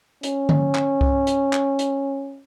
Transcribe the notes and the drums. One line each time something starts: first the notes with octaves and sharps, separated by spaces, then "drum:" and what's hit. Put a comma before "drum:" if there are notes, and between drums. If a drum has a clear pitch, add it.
C#4, drum: hi-hat
drum: tom D3
drum: clap
drum: kick C2
drum: hi-hat
drum: clap
drum: hi-hat